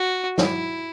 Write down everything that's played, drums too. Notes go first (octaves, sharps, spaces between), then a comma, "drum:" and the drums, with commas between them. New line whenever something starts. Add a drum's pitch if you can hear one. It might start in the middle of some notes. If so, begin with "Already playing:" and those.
Already playing: F#4
E4, drum: snare